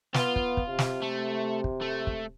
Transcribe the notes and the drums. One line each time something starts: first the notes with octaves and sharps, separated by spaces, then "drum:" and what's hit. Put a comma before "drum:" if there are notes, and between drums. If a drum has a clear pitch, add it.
B3 F4, drum: snare
drum: kick
drum: kick
C3
drum: snare
A3
drum: kick
A3
drum: kick